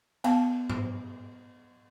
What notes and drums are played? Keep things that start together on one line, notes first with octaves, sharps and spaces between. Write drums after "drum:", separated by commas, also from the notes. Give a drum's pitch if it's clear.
B3 F5 G5 A5, drum: cymbal
drum: tom G#2